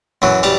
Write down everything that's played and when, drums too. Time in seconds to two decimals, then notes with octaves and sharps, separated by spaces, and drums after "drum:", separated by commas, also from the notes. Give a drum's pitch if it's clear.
0.22 F#2 E3 F#3
0.43 G3, drum: cymbal